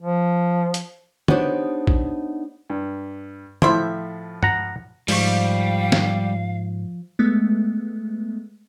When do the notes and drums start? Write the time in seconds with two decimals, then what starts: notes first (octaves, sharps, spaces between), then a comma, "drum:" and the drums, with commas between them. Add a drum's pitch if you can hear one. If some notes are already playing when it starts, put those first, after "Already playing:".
0.01 F3
0.74 drum: hi-hat
1.28 B3 D4 D#4 G4 C5 C#5, drum: tom
1.87 drum: kick A#1
2.70 G2
3.62 A2 F3 E4 C5 E5, drum: tom
4.43 F#5 A#5, drum: tom
5.08 G#2 F3 G3 F5 C#6, drum: open hi-hat
5.92 drum: snare
7.19 G#3 A3 B3